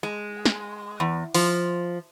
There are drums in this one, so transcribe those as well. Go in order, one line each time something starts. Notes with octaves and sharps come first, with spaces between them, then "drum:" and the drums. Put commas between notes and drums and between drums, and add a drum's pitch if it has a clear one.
G#3
drum: snare
E2
F3, drum: open hi-hat